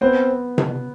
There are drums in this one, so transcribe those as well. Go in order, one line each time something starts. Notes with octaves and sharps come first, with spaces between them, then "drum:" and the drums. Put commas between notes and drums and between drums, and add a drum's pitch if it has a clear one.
B3 C4 C5
drum: tom C3